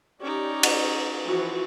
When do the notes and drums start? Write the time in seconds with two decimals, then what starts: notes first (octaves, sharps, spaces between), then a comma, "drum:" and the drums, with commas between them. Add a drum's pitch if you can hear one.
0.21 C#4 D#4 G4 D5
0.63 drum: cymbal
1.25 E3 F3 F#4